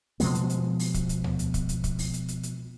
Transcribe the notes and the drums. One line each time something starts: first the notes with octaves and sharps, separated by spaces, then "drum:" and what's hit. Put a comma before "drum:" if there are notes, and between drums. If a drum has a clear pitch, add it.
B2 F3 G#3 B3, drum: open hi-hat
drum: hi-hat
drum: hi-hat
drum: open hi-hat
drum: kick, hi-hat
drum: hi-hat
drum: tom D2
drum: hi-hat
drum: kick, hi-hat
drum: hi-hat
drum: kick, hi-hat
drum: open hi-hat
drum: hi-hat
drum: hi-hat
drum: hi-hat